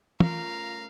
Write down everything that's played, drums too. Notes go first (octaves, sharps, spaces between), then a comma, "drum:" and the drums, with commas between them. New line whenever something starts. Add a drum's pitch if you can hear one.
A3 C#4 F4 A#4 F5 A#5, drum: tom